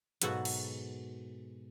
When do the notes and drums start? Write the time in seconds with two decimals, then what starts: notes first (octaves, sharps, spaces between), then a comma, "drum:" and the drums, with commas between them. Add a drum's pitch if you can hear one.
0.22 G#2 B2 F#3 F#4 A4 F#5, drum: hi-hat
0.45 drum: cymbal